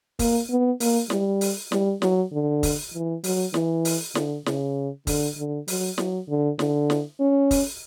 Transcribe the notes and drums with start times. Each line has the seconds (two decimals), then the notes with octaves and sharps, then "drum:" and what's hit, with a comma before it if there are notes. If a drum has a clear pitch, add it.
0.19 A#3, drum: kick, open hi-hat
0.50 B3
0.80 A#3, drum: open hi-hat
1.10 G3, drum: snare
1.41 drum: open hi-hat
1.72 G3, drum: snare
2.02 F#3, drum: snare
2.32 D3
2.63 drum: kick, open hi-hat
2.94 E3
3.24 F#3, drum: open hi-hat
3.54 E3, drum: snare
3.85 drum: open hi-hat
4.15 D3, drum: snare
4.46 C#3, drum: snare
5.07 D3, drum: kick, open hi-hat
5.38 D3
5.68 F#3, drum: open hi-hat
5.98 F#3, drum: snare
6.29 D3
6.59 D3, drum: snare
6.90 drum: snare
7.20 C#4
7.51 drum: kick, open hi-hat